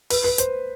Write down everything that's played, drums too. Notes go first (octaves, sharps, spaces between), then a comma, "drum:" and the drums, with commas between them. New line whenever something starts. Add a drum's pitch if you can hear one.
B4, drum: open hi-hat
B4
C5, drum: hi-hat